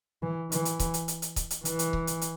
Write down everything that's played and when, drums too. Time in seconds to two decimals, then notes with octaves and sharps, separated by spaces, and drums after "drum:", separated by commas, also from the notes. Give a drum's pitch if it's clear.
0.23 E3
0.52 E3, drum: hi-hat
0.65 drum: hi-hat
0.79 drum: kick C#1, hi-hat
0.94 drum: hi-hat
1.08 drum: hi-hat
1.22 drum: hi-hat
1.36 drum: kick C#1, hi-hat
1.50 drum: hi-hat
1.65 E3, drum: hi-hat
1.79 drum: hi-hat
1.93 drum: kick C#1
2.07 drum: hi-hat
2.21 drum: hi-hat